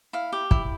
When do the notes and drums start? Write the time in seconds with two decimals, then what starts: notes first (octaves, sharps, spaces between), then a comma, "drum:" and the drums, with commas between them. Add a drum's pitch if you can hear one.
0.13 E4 F5
0.32 G4
0.51 E4, drum: kick